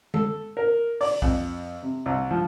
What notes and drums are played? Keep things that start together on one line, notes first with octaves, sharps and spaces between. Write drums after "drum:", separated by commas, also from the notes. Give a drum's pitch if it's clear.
A4, drum: tom
A#4
D5, drum: open hi-hat
F2, drum: kick B1
C3
C2
F3